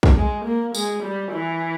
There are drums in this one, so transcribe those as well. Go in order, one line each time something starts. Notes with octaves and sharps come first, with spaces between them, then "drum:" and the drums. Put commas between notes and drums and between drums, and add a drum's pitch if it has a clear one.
drum: kick
G#3
A#3
G#3, drum: tambourine
G3
E3